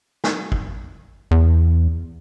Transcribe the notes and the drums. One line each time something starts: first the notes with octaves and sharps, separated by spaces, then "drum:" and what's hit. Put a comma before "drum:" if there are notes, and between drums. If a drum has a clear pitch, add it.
drum: snare
drum: kick
E2